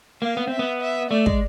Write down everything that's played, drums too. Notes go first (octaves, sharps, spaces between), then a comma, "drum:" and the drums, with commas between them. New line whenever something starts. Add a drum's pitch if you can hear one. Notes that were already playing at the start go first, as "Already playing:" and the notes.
A#3 F5
B3
C4 E5
B3
E5
A3 D5
G#3, drum: kick